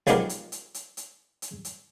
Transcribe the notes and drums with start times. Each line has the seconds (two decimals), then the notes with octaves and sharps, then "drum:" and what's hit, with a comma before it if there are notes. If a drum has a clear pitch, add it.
0.07 B1 F3 G#3 B3 G4 A#4, drum: hi-hat
0.29 drum: hi-hat
0.52 drum: hi-hat
0.74 drum: hi-hat
0.97 drum: hi-hat
1.42 drum: hi-hat
1.65 drum: hi-hat